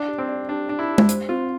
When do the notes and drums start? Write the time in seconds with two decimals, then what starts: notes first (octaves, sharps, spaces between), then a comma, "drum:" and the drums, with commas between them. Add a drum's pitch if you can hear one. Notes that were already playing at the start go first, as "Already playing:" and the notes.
Already playing: D4
0.08 G4
0.18 C4
0.29 D5
0.49 D4 G4
0.69 D4 A5
0.79 E4
0.88 G4
0.98 drum: tom G#3
1.09 C5, drum: hi-hat
1.29 C4 F4